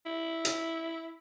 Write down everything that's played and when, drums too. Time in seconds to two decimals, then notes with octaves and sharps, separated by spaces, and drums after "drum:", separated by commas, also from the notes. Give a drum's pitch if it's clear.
0.06 E4
0.45 drum: hi-hat